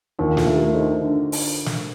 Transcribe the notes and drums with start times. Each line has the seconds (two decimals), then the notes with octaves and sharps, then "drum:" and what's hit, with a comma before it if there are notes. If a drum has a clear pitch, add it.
0.19 D#2 D4 F4
0.37 F4 A4, drum: snare
0.46 A3
0.55 G4 A#4
0.74 D#4 A4 C5
1.00 D3
1.32 drum: open hi-hat
1.66 drum: snare